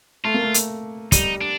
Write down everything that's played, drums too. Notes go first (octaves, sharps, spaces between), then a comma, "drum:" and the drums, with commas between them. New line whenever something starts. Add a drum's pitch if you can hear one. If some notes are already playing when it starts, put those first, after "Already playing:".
A3 F4
A#3
A3
drum: hi-hat
G3 D#4, drum: kick, hi-hat
D4